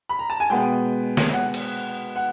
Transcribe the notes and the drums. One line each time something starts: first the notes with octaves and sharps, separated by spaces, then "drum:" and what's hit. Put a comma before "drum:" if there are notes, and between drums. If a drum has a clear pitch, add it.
B5
A#5
A5
G#5
B2 G#3 B3 G5
drum: snare
F#5
drum: cymbal
F#5